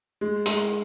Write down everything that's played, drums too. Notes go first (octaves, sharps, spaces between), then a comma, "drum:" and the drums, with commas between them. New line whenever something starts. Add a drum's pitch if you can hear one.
G#3
G#3, drum: hi-hat